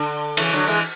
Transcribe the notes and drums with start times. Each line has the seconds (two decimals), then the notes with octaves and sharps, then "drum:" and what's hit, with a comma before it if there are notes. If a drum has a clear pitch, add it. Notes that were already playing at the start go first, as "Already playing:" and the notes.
Already playing: D3
0.37 C#3 E3, drum: cymbal
0.53 D3 F#3
0.67 E3 G#3